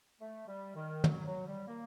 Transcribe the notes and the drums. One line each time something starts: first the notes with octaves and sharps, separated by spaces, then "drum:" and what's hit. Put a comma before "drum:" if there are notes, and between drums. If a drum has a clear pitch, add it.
A3
G3
D#3
F#3, drum: tom
F#3
G3
A#3